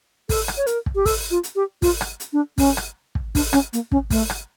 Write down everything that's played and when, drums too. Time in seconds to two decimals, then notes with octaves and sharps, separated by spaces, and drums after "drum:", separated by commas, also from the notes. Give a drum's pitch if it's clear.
0.29 A4, drum: kick, open hi-hat
0.48 drum: rim click
0.57 C#5
0.67 A#4, drum: hi-hat
0.86 drum: kick
0.95 G4
1.06 A4, drum: kick, open hi-hat
1.31 F4
1.43 drum: hi-hat
1.56 G4
1.82 F4, drum: kick, open hi-hat
2.01 drum: rim click
2.20 drum: hi-hat
2.33 D4
2.58 C#4, drum: kick, open hi-hat
2.77 drum: rim click
3.15 drum: kick
3.35 D4, drum: kick, open hi-hat
3.53 C#4, drum: rim click
3.73 A#3, drum: hi-hat
3.92 C#4, drum: kick
4.10 A3, drum: kick, open hi-hat
4.30 drum: rim click